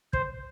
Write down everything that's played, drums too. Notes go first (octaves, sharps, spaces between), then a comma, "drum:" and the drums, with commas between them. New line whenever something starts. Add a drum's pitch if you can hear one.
C5, drum: kick